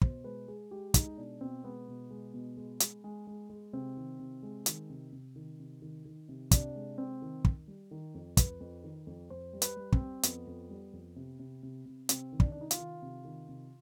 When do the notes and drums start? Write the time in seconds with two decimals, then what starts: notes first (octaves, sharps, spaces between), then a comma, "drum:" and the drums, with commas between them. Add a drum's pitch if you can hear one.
0.02 B2 C5, drum: kick
0.24 G#3 B4
0.48 G#3 G#4
0.71 G#3 G4
0.94 G#3 D#4, drum: kick, hi-hat
1.17 B2 D4
1.41 B2 C4
1.64 G#3 B3
1.88 B2
2.11 G#3
2.34 B2
2.57 G#3
2.80 G#3, drum: hi-hat
3.04 G#3
3.27 G#3
3.50 G#3
3.73 C3 C4
3.97 D#3
4.19 C3
4.43 G#3
4.66 D#3, drum: hi-hat
4.90 C3
5.12 C3
5.36 D#3
5.59 C3
5.82 D#3
6.05 D#3
6.29 C3
6.51 C3 D4, drum: kick, hi-hat
6.75 G#3
6.98 C3 C4
7.22 D#3
7.45 D#3, drum: kick
7.68 G3
7.91 D#3
8.14 F2
8.37 F2 B4, drum: kick, hi-hat
8.60 F2
8.84 D#3
9.07 F2
9.30 F2 C5
9.53 G3
9.62 B4, drum: hi-hat
9.77 G3
9.93 C4, drum: kick
10.00 G3
10.23 F2 B3, drum: hi-hat
10.47 F2
10.70 G3
10.93 F2
11.16 C3
11.39 C3
11.63 C3
11.86 C3
12.09 C3 C4, drum: hi-hat
12.32 D#3
12.40 D4, drum: kick
12.52 C3 D4
12.61 D#4
12.71 F4, drum: hi-hat
12.79 D#3
13.02 C3
13.25 D#3
13.49 C3